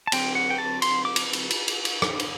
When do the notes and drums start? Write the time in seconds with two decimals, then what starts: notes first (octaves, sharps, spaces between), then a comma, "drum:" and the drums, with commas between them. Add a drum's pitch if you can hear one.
0.07 A5
0.12 D3 F#3 C4 G5, drum: cymbal
0.35 F#5
0.50 G5
0.58 A5
0.82 C6, drum: cymbal
1.05 D6
1.16 drum: cymbal
1.33 drum: cymbal
1.50 drum: cymbal
1.68 drum: cymbal
1.85 drum: cymbal
2.02 drum: rim click
2.19 drum: cymbal